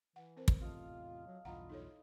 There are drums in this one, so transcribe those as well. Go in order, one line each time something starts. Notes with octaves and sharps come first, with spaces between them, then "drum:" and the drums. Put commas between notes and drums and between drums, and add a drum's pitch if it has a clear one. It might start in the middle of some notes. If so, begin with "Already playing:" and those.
E3 F#5
C4 A#4 C5
drum: kick
E2 A2 C3 F4 A4 D#5 F5
F#3
B1 E2 G2 E4 F4 D#5 F#5 A#5
D#4 A4 C#5